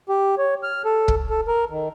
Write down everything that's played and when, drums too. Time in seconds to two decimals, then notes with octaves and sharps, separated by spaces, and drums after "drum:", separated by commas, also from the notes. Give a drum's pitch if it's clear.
0.09 G4
0.38 C#5
0.63 F6
0.85 A4
1.08 drum: kick
1.30 A4
1.48 A#4
1.70 D#3